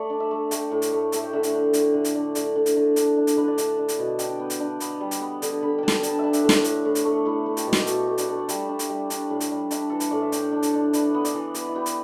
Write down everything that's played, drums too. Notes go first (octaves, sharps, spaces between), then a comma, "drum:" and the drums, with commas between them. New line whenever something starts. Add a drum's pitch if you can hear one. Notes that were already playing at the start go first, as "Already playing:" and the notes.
Already playing: A3 D5
D4
E5
A3
A3 G5, drum: hi-hat
A2
drum: hi-hat
A3
A3 E5, drum: hi-hat
G5
D3 E5
drum: hi-hat
D4
D3, drum: hi-hat
D3
drum: hi-hat
D4
D3 D5, drum: hi-hat
D3
drum: hi-hat
D3
D4, drum: hi-hat
D4
drum: hi-hat
D3 B4
D5
D4 E5, drum: hi-hat
D4
drum: hi-hat
B2
D4 G5, drum: hi-hat
B3
drum: hi-hat
D4
B3, drum: hi-hat
G3
drum: hi-hat
B3
D3, drum: hi-hat
D3 B5
D3 G5 A5
drum: snare
D4 A5, drum: hi-hat
D4 E5
E5, drum: hi-hat
A2
D4, drum: snare
A2, drum: hi-hat
A2
drum: hi-hat
A3
A3 E4
A3
G4, drum: hi-hat
B2 A4
G4, drum: snare
B2 A4, drum: hi-hat
A3
D4, drum: hi-hat
A3
D5
G3 E5, drum: hi-hat
D4
drum: hi-hat
G3
D4, drum: hi-hat
A2
drum: hi-hat
G3
D4 E5, drum: hi-hat
E3 A4
B4, drum: hi-hat
A2 D5
E5
D4 G5, drum: hi-hat
D4
A4, drum: hi-hat
D4
D4 B4, drum: hi-hat
B3
D5, drum: hi-hat
E3
B3 B4, drum: hi-hat
E4
B3 G4
drum: hi-hat